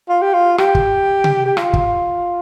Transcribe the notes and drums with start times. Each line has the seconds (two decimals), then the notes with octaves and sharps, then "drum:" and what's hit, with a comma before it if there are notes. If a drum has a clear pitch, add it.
0.09 F4
0.22 G4
0.34 F4
0.58 G4, drum: rim click
0.75 drum: kick
1.24 drum: tom C3
1.46 G4
1.57 F4, drum: rim click
1.73 drum: kick